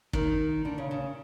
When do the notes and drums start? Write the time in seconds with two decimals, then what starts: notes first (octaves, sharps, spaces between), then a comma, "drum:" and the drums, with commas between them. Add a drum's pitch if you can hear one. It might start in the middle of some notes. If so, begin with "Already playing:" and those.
0.13 D#3, drum: kick
0.65 D3
0.78 C#3
0.91 C#3